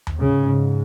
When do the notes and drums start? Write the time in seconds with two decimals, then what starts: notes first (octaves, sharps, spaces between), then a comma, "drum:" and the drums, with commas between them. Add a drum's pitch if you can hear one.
0.07 drum: tom D#2
0.18 G#2 C#3